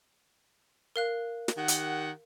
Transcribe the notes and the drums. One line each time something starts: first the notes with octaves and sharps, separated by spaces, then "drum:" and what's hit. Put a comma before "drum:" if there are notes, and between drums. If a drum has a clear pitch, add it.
A#4 F5 F#6
drum: snare
D#3 G4 F#5
drum: hi-hat